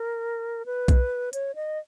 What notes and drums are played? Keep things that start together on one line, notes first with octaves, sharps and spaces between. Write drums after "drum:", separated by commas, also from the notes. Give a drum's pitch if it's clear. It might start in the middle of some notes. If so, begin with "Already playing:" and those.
Already playing: A#4
B4
drum: kick B1, hi-hat
C#5, drum: hi-hat
D#5